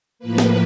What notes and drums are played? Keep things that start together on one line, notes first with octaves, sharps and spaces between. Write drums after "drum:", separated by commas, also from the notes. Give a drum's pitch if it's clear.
A2 F3 A#3 B4
drum: snare